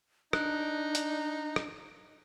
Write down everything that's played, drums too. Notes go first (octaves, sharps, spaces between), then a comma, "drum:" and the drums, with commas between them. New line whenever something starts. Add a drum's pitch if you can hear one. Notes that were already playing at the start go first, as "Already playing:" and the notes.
D4 D#4 F#6, drum: rim click
drum: hi-hat
drum: rim click